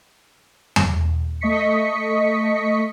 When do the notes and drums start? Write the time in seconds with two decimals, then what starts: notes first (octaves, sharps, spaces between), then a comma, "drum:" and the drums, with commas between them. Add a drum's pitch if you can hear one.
0.76 drum: tom E2
1.41 A3 D#5 C#6 B6 C#7